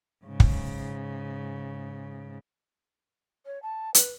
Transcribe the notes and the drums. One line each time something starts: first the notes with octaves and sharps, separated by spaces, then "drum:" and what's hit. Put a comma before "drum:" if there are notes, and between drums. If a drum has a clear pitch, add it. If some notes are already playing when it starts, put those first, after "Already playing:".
G#2 C#3
drum: kick
C#5
A5
B4, drum: hi-hat